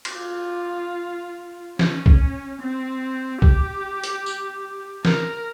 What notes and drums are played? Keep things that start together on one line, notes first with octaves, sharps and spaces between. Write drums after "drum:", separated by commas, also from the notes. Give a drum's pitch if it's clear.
drum: cymbal
F4
C#4, drum: snare
drum: kick
C4
G4, drum: kick
drum: hi-hat
drum: tambourine
A#4, drum: snare